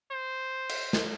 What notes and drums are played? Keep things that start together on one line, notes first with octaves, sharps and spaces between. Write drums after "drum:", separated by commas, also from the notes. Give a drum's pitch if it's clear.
C5
drum: cymbal
drum: snare